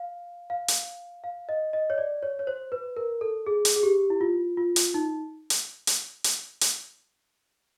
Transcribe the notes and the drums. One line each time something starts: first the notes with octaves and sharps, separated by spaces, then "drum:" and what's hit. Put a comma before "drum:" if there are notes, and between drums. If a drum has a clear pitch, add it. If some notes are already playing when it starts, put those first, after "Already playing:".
Already playing: F5
F5
drum: hi-hat
F5
D#5
D#5
C#5
D5
C#5
C#5
C5
B4
A#4
A4
G#4
drum: hi-hat
G#4
G4
E4
F4
F4
drum: hi-hat
D#4
drum: hi-hat
drum: hi-hat
drum: hi-hat
drum: hi-hat